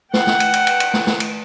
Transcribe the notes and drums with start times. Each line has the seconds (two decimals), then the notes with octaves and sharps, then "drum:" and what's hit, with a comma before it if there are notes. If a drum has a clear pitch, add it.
0.13 F#5 G5, drum: snare
0.27 drum: snare
0.40 drum: cymbal
0.53 drum: cymbal
0.67 drum: cymbal
0.80 drum: cymbal
0.93 drum: snare
1.07 drum: snare
1.20 drum: cymbal